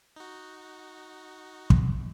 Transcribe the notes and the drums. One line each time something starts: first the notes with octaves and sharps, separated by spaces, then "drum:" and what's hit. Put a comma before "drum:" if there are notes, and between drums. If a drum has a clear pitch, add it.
D#4 F#4
drum: kick